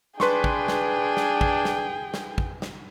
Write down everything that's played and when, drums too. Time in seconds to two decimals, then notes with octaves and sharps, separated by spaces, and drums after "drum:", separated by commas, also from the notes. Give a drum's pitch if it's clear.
0.20 D4 G#4 B4 G5 C6 C#6, drum: snare
0.44 drum: kick
0.68 drum: snare
1.17 drum: snare
1.41 drum: kick
1.65 drum: snare
2.14 drum: snare
2.38 drum: kick
2.62 drum: snare